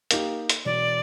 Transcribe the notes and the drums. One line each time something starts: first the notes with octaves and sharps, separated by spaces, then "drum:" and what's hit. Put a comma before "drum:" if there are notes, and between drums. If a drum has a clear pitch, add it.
A#3 D#4 G4, drum: hi-hat
drum: hi-hat
E1 D5